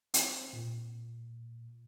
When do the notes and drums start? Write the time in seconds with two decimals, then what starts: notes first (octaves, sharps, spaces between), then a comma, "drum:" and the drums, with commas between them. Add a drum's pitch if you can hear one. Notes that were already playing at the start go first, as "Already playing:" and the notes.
0.14 C4, drum: hi-hat
0.53 A#2